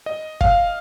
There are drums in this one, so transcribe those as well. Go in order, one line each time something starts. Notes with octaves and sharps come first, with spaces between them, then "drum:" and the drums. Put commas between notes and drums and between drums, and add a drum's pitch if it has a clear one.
D#5
F5, drum: kick